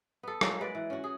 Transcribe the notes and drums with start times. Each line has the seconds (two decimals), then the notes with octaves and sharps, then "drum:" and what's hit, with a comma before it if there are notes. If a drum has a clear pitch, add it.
0.23 B3 A4
0.41 F#3 G#3 A#3, drum: rim click
0.61 G#3 B4 D5
0.75 E3
0.90 C#4 F#4
1.04 G#4